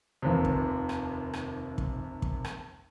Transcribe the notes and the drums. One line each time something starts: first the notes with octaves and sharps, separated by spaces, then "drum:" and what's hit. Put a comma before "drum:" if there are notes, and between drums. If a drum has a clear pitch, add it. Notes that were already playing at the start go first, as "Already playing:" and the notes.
F1 D#2 C3
drum: kick
drum: rim click
drum: rim click
drum: kick
drum: kick
drum: rim click